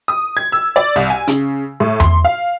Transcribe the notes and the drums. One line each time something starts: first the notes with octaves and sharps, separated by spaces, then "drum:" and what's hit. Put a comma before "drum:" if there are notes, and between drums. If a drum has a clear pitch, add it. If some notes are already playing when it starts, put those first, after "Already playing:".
D#6
G#6
E6
D5
C2
G#5
C#3, drum: hi-hat
A2
C6, drum: tom E2
F5